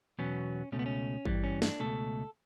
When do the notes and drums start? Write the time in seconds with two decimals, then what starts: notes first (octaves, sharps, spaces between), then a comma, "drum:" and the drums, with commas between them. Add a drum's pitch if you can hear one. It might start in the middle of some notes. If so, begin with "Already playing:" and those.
0.19 E2 B2 F#3 B3 C#4
0.72 C#2 B2 A3 C#4
0.79 B3
0.86 C#4
1.25 G2 E3 G3, drum: kick G#1
1.44 C#4
1.62 D4, drum: snare
1.80 C#2 B2 A3 A4